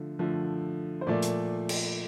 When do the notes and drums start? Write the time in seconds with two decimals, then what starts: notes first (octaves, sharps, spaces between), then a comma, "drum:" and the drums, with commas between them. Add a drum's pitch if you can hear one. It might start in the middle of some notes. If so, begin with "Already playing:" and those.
Already playing: D3 F3 A3
0.19 D3 F3 A3
1.01 C5
1.07 A#2 F3 A3 D5
1.22 drum: hi-hat
1.69 drum: cymbal